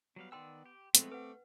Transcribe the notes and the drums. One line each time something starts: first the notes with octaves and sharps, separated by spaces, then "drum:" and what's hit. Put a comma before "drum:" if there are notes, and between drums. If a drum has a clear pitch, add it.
F#3 G3 B3 F5
D#3 D5 G5 C6 E6
G4
F3 G#3 A3 B3 C4, drum: hi-hat
B4 F#5 D6